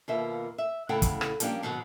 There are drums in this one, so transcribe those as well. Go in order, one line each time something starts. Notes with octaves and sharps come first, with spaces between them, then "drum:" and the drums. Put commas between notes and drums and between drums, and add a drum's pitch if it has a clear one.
D#2 B2 A#3 F4 E5
E5
A2 C#3 E4 A4 F#5 G5
drum: kick, hi-hat
drum: rim click
F3 G3 A#3 C#4 D4 G4, drum: hi-hat
G#2 B2 D#3 F#3